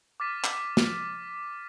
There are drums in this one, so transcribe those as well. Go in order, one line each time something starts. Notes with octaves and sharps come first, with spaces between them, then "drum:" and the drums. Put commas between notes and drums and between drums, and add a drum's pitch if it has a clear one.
D6 F6 A6 B6 D#7
drum: clap
drum: snare